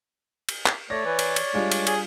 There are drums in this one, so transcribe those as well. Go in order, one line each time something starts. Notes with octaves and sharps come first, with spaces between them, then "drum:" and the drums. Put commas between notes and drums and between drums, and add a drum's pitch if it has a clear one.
drum: cymbal
drum: clap
A3 C#5 D5 A#6
E3
drum: cymbal
drum: cymbal
G3 G#3 D4 F4
drum: cymbal
G#4, drum: cymbal